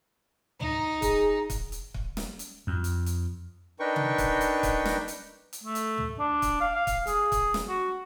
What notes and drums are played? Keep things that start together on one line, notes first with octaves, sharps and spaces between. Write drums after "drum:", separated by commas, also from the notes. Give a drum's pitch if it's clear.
D#4, drum: tom
G#4, drum: kick, hi-hat
drum: kick, hi-hat
drum: hi-hat
drum: kick
drum: snare
drum: hi-hat
F2
drum: hi-hat
drum: hi-hat
D4 D#4 A#4 B4 G5 C#6
drum: tom C3
drum: kick, hi-hat
drum: hi-hat
drum: kick, hi-hat
drum: snare
drum: hi-hat
drum: hi-hat
A3
drum: hi-hat
drum: tom
D4
drum: kick, hi-hat
F5
F5
drum: kick, hi-hat
G#4, drum: hi-hat
drum: kick, hi-hat
drum: snare
F#4